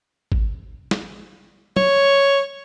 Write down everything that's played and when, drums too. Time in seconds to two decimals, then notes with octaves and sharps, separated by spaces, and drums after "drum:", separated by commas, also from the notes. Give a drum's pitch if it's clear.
0.32 drum: kick
0.91 drum: snare
1.76 C#5, drum: tom